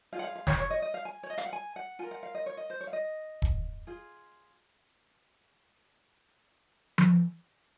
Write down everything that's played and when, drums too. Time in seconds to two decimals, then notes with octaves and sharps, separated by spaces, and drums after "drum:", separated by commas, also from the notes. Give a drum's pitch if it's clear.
0.13 F4 G#4 F5
0.19 F#5
0.24 F5
0.36 F5
0.47 C#5, drum: snare
0.60 C#5
0.70 D#5
0.82 D#5
0.94 F5
1.05 G#5
1.23 C#5
1.30 D#5
1.38 F5, drum: hi-hat
1.46 F#5
1.53 G#5
1.76 F#5
1.99 F4 A#4 G#5
2.11 F#5
2.23 F5
2.35 D#5
2.46 C#5
2.57 D#5
2.70 C5
2.81 C#5
2.87 F5
2.93 D#5
3.42 drum: kick
3.87 F4 G#4
6.98 drum: tom F3